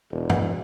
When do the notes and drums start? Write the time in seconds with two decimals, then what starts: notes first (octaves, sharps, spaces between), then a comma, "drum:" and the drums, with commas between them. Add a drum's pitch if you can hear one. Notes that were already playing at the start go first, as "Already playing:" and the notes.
0.12 E1
0.30 drum: tom